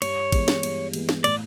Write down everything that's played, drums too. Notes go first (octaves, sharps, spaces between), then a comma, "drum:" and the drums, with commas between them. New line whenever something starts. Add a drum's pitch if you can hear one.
G2 C#5, drum: cymbal
E3 G#3 B3, drum: kick, cymbal
drum: snare
G2, drum: cymbal
E3 G#3 B3, drum: cymbal
drum: snare
A2 D5, drum: cymbal